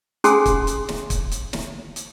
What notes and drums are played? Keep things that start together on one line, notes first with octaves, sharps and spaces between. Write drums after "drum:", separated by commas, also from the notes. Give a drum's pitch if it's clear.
C#4 G#4 A4 F#5 G#5 C6, drum: hi-hat
drum: kick, hi-hat
drum: hi-hat
drum: snare
drum: kick, hi-hat
drum: hi-hat
drum: snare
drum: hi-hat